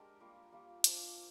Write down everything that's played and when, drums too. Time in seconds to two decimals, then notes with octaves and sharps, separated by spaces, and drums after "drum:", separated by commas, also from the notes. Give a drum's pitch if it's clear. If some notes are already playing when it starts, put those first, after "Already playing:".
Already playing: G#3 D4 G4 A#4
0.20 G3 A#3 F4
0.52 G3 A#3 F4
0.84 D4 F4 C5 D#5, drum: hi-hat